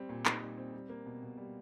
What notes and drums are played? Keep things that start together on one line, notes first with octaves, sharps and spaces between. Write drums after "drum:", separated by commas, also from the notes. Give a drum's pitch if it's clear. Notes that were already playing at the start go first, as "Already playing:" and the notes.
Already playing: G3 C4
A#2
D#4, drum: clap
G3
C4
G3
A#3
B2
B2
G3